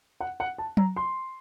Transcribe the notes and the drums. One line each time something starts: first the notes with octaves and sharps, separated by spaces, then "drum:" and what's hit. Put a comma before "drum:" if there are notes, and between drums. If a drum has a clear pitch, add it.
F#5
F#5
A5
A#5, drum: tom F#3
C6